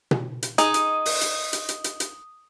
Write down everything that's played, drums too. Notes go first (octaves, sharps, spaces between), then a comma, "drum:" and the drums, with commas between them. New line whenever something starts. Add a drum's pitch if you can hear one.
drum: tom B2
drum: hi-hat
D#4 G#4 D#6, drum: hi-hat
drum: hi-hat
drum: open hi-hat
drum: hi-hat
drum: hi-hat
drum: hi-hat
drum: hi-hat
drum: hi-hat